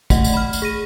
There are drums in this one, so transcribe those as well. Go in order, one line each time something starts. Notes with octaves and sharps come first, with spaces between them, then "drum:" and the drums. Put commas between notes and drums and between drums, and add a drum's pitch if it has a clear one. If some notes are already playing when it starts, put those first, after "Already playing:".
A3 D#5 F#5, drum: kick, tambourine
drum: tambourine
B5 F6
drum: tambourine
G#4 A#6 D#7